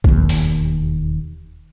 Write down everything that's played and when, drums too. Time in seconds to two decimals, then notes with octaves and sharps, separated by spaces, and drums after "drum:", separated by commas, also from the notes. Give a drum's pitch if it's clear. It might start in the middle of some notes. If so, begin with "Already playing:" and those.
0.04 E1 D#2, drum: kick A#1
0.29 drum: open hi-hat